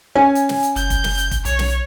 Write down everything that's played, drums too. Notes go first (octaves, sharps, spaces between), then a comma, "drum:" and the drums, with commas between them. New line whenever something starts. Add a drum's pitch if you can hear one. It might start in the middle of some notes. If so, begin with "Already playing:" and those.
C#4 G#5
drum: hi-hat
drum: snare
drum: hi-hat
F#1 G6, drum: hi-hat
drum: kick, hi-hat
drum: snare
drum: hi-hat
drum: kick, hi-hat
B1 C#5, drum: hi-hat
drum: snare